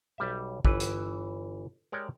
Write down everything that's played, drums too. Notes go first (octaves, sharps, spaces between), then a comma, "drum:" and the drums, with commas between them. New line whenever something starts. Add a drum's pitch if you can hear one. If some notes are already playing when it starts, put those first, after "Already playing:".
B1 G3 E5
G1 E3 B4, drum: kick
drum: hi-hat
G#3 G4 A#4 C#5 D5